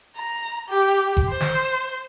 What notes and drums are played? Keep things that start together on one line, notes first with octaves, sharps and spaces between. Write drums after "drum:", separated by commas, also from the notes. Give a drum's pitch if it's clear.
A#5
G4
drum: kick F#1
C5
drum: snare